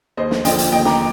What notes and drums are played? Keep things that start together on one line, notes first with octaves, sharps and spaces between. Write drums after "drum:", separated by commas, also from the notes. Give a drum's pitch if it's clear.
D#2 C5 D#5
drum: snare
D3 F3 D#5 G5, drum: hi-hat
drum: hi-hat
D#2 D#5 G5
A#5 D6, drum: snare